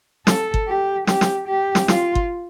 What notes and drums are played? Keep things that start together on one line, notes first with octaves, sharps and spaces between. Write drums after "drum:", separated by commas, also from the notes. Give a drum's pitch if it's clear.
A4, drum: snare
drum: kick G1
G4
G4, drum: snare
drum: snare
G4
drum: snare
F4, drum: snare
drum: kick G1